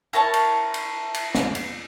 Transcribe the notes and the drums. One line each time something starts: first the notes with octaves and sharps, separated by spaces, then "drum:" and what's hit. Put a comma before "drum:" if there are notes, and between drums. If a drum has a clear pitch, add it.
E4 A#4 C#5 A5
drum: cymbal
drum: cymbal
drum: cymbal
drum: snare
drum: cymbal